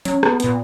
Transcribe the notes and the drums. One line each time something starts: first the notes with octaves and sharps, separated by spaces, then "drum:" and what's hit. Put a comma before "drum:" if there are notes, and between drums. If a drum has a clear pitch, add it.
F#3 C#4, drum: hi-hat
B3, drum: rim click
A#2 B3, drum: hi-hat